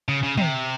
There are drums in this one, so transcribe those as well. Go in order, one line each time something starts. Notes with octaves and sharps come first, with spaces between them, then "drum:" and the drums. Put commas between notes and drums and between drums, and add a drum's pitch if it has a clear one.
C#3
C#3
C3, drum: tom